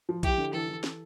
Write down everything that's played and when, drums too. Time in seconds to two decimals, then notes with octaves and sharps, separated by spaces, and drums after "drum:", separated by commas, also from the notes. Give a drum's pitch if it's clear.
0.09 F3
0.23 E4 G4, drum: kick A#1, hi-hat
0.38 D3
0.53 E3 A4
0.69 E3
0.84 drum: snare